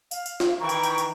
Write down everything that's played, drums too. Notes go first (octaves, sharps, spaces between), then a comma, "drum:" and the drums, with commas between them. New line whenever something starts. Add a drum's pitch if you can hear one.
F5, drum: tambourine
drum: tambourine
drum: snare
D#3 E3 G5 A#5 C#6
drum: tambourine
drum: tambourine
drum: tambourine